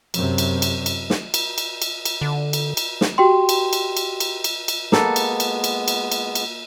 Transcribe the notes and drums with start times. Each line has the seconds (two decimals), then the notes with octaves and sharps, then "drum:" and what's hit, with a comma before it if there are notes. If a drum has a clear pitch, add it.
0.14 F#2 C3, drum: cymbal
0.38 drum: cymbal
0.62 drum: cymbal
0.86 drum: cymbal
1.10 drum: snare
1.34 drum: cymbal
1.58 drum: cymbal
1.82 drum: cymbal
2.05 drum: cymbal
2.21 D3
2.53 drum: cymbal
2.77 drum: cymbal
3.01 drum: snare
3.18 F#4 G4 G5 C6
3.49 drum: cymbal
3.73 drum: cymbal
3.97 drum: cymbal
4.20 drum: cymbal
4.44 drum: cymbal
4.68 drum: cymbal
4.92 G#3 A#3 B3 A4 B4, drum: snare
5.16 drum: cymbal
5.40 drum: cymbal
5.64 drum: cymbal
5.88 drum: cymbal
6.12 drum: cymbal
6.35 drum: cymbal